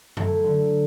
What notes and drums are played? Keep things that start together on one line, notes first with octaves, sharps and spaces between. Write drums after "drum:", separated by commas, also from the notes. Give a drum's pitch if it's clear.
F#3 A3 E4, drum: tom F#2
D3